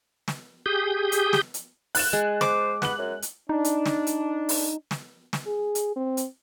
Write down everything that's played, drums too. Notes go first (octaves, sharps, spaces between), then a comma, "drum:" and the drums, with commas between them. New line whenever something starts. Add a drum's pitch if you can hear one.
drum: snare
G4 G#4 D#6 G6
drum: hi-hat
drum: snare
drum: hi-hat
F#6 A6 E7, drum: open hi-hat
G#3 G#4
C5 D6, drum: snare
B3 F#6 F#7, drum: snare
F#2
drum: hi-hat
D4 D#4
drum: hi-hat
drum: snare
drum: hi-hat
drum: open hi-hat
drum: snare
drum: snare
G#4
drum: hi-hat
C4
drum: hi-hat